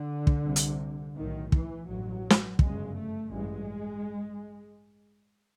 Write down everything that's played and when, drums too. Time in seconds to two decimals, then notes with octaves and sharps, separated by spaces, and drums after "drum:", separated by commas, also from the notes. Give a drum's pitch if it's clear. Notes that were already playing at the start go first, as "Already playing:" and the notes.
Already playing: D3
0.27 drum: kick
0.45 C2 C3
0.56 drum: hi-hat
1.16 B1 A2 D#3
1.52 E3, drum: kick
1.87 A1 G2 F#3
2.30 drum: snare
2.59 G1 F#2 C#3 G#3, drum: kick
2.95 A3
3.31 A1 G2 G#3